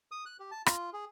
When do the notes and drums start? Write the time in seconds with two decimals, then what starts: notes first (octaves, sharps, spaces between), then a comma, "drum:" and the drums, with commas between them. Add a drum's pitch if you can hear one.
0.12 D#6
0.26 F#6
0.39 G4
0.51 A5
0.66 F4, drum: rim click
0.93 G#4